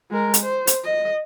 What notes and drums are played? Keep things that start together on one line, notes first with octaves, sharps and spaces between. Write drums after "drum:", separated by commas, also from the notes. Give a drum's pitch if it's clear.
G#3 A#4
drum: hi-hat
C5
drum: hi-hat
D#5